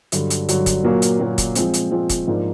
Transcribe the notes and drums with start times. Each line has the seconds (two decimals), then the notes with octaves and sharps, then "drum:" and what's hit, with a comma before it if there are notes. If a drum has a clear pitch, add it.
0.12 G2 D3 F#3, drum: hi-hat
0.30 drum: hi-hat
0.49 G2 D3 F#3, drum: hi-hat
0.66 drum: kick, hi-hat
0.84 A#2 F#3 A#3
1.02 drum: hi-hat
1.20 A#2 F#3 A#3
1.38 drum: kick, hi-hat
1.55 F3 G#3 C4, drum: hi-hat
1.74 drum: hi-hat
1.91 F3 G#3 C4
2.10 drum: kick, hi-hat
2.28 G#2 F3 A#3 D4